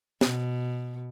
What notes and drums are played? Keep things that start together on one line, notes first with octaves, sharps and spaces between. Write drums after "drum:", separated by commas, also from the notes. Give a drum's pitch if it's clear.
B2, drum: snare